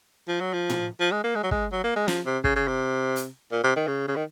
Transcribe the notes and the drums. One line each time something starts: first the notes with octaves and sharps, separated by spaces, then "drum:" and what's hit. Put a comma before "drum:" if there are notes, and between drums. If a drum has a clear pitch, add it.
F3
F#3
F3
drum: tom A2
F3
G#3
A#3
G#3
F#3
G#3, drum: kick
F#3
A#3
G#3
F3, drum: snare
C3
C#3, drum: kick
C#3
C3
drum: hi-hat
A#2
C3
D#3
C#3
C#3
D#3